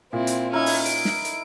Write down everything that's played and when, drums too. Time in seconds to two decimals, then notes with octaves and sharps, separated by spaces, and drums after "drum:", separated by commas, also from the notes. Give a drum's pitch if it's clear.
0.13 A#2 C4 E4
0.27 drum: hi-hat
0.53 C#4 D#4 E4 A#4 G#6
0.66 drum: open hi-hat
0.86 D7, drum: hi-hat
1.05 drum: snare
1.25 drum: hi-hat